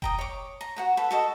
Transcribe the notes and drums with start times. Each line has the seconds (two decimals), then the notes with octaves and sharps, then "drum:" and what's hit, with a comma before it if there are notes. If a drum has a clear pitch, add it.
0.02 G5 A#5 D#6, drum: kick F1
0.18 C#5 D6
0.61 A#5
0.76 F#4 F#5 A#5
0.97 A4 B4
1.11 F#4 A4 D#5